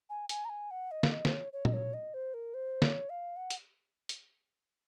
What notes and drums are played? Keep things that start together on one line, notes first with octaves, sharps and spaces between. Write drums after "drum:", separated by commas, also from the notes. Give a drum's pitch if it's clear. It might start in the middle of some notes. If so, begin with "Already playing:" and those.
G#5
G#5, drum: hi-hat
A#5
G#5
F#5
D#5
F5, drum: snare
D#5
C5, drum: snare
C#5
C#5
D#5, drum: tom A#2
C#5
D#5
C5
A#4
C5
C#5, drum: snare
F5
F#5
drum: hi-hat
drum: hi-hat